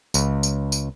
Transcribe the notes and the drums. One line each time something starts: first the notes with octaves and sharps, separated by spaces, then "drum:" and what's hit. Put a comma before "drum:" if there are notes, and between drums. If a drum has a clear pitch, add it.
C#2, drum: tambourine
drum: tambourine
drum: tambourine